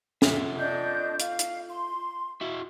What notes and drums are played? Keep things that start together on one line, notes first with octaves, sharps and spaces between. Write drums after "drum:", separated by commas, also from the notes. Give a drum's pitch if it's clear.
F4 A4 E5, drum: snare
D4 D#5 G6
F5, drum: hi-hat
drum: hi-hat
C6
E4 F#4 E5